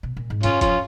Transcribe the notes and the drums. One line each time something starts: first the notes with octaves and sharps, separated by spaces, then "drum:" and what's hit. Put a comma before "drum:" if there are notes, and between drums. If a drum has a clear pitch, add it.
B2
A#2
G#2
F#2 C#4 F4, drum: hi-hat
F3 C#4 F4, drum: kick F1, hi-hat